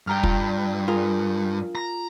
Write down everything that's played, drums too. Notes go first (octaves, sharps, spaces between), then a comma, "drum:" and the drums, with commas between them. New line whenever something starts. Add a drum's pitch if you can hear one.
G2 G5 A#5 F6
F4, drum: kick
F4 G#4 A#4
A#5